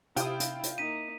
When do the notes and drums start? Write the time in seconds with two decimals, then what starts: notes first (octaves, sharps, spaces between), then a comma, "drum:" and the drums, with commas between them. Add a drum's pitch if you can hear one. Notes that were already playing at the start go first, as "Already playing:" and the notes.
0.16 C3 E4 F4 G5 D#6, drum: hi-hat
0.40 drum: hi-hat
0.63 drum: hi-hat
0.78 A#3 D#4 B6 D#7